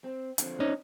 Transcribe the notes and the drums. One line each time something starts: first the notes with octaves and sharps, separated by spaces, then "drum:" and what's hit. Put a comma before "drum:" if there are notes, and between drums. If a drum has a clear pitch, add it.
C4
D3 F3 C4, drum: hi-hat
C#4 D#4